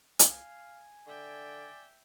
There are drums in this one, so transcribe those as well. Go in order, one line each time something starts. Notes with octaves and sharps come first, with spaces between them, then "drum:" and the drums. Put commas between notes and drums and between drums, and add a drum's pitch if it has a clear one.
F5 G#5, drum: hi-hat
D3 D5 E5 G5